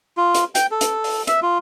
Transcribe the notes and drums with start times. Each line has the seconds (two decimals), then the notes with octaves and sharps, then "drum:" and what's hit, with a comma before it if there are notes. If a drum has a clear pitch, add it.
0.17 F4
0.34 drum: hi-hat
0.55 G5, drum: hi-hat
0.71 A4
0.81 drum: hi-hat
1.04 drum: open hi-hat
1.27 E5, drum: hi-hat
1.42 F4